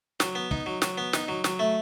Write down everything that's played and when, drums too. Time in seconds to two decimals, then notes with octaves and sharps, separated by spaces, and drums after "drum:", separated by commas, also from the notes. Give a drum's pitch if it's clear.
0.20 F#3, drum: snare
0.35 B3
0.51 D#4, drum: kick
0.66 F#3
0.82 F#3, drum: snare
0.98 B3
1.13 D#4, drum: snare
1.28 F#3
1.44 F#3, drum: snare
1.59 A3